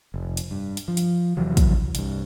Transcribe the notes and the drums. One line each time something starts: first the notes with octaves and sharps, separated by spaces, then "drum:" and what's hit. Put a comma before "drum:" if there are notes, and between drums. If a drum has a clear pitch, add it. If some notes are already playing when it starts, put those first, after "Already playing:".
F1
drum: hi-hat
G2
drum: hi-hat
F3
drum: hi-hat
E2 C3 E3 F#3
drum: kick, hi-hat
C2 G2, drum: hi-hat